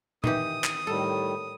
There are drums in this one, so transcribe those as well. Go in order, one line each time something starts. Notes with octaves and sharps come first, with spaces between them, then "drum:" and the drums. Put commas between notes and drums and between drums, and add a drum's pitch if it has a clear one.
D#3 E3 G4 D#6, drum: tom A#2
drum: clap
A2 D#3 G3 A4